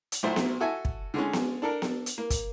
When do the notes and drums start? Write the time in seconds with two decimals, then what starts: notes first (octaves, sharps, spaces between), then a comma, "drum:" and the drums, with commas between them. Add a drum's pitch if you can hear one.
0.12 drum: hi-hat
0.23 B1 A#2 A3 C5
0.36 drum: snare B3
0.60 F#4 A4 E5 G#5
0.85 drum: kick
1.14 D3 G#3 C#4
1.33 drum: snare B3
1.62 D4 A4 A#4
1.82 drum: snare B3
2.06 drum: hi-hat
2.18 A#3
2.30 drum: kick, hi-hat